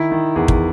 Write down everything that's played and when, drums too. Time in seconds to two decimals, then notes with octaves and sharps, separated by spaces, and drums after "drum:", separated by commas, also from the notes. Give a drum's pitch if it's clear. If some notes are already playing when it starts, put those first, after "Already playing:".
Already playing: D#3 E4
0.11 D#3
0.36 E2 G#4
0.48 drum: kick